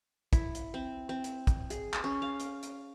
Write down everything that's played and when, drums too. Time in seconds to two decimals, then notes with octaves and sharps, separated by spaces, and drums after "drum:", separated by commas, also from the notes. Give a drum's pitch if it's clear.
0.33 E4, drum: kick, hi-hat
0.55 drum: hi-hat
0.74 C4
1.09 C4
1.24 drum: hi-hat
1.47 drum: kick, hi-hat
1.70 G#4, drum: hi-hat
1.93 drum: clap
2.04 C#4
2.22 F5
2.40 drum: hi-hat
2.63 drum: hi-hat